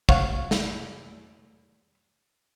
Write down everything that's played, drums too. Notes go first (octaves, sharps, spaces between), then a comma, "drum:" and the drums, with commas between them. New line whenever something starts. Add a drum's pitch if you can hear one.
C#5 F5 F#5 C#6, drum: kick
drum: snare